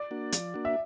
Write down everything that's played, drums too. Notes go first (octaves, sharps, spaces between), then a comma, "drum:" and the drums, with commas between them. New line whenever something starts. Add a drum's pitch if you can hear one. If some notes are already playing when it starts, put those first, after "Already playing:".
Already playing: D5
A#3 D4 F#4
F3, drum: hi-hat
A#3 D4 F#4
E5